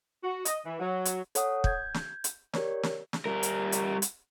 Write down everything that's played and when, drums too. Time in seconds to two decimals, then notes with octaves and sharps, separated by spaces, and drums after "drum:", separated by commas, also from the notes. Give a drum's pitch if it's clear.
0.24 F#4
0.45 D#5, drum: hi-hat
0.66 E3
0.80 F#3
1.05 drum: hi-hat
1.35 A4 C#5 F#5 D#6, drum: hi-hat
1.64 G6 G#6, drum: kick
1.94 drum: snare
2.24 drum: hi-hat
2.53 G4 A#4 C#5 D5, drum: snare
2.83 drum: snare
3.13 drum: snare
3.26 G3 A#4
3.43 drum: hi-hat
3.72 drum: hi-hat
4.02 drum: hi-hat